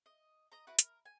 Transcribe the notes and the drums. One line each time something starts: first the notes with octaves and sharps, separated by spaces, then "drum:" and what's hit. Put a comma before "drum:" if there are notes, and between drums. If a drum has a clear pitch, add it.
D#5
D#5 A#5
E4 F#4 B4
A#4, drum: hi-hat
G#5